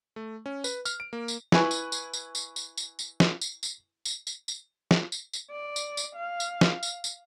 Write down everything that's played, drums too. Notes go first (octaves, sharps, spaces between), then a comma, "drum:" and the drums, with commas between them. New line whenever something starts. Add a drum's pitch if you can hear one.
A3
C#4
B4, drum: tambourine
F6, drum: tambourine
D7
A#3
drum: tambourine
E4 B4 G#5 C#6, drum: snare
drum: tambourine
drum: tambourine
drum: tambourine
drum: tambourine
drum: tambourine
drum: tambourine
drum: tambourine
drum: snare
drum: tambourine
drum: tambourine
drum: tambourine
drum: tambourine
drum: tambourine
drum: snare
drum: tambourine
drum: tambourine
D5
drum: tambourine
drum: tambourine
F5
drum: tambourine
drum: snare
drum: tambourine
drum: tambourine